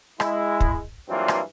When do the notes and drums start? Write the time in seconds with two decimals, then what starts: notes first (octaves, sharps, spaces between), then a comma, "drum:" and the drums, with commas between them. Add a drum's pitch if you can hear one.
0.20 G#3 E4, drum: rim click
0.60 drum: kick
1.09 G2 E3 F#3 A#3 C4 F4
1.28 drum: rim click